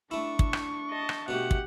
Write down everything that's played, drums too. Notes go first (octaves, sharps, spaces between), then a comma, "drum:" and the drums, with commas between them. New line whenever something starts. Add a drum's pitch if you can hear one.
A3 D4 E4 C#6
drum: kick
drum: rim click
D#5 A5
drum: rim click
B2 A3 G4 F#5
drum: kick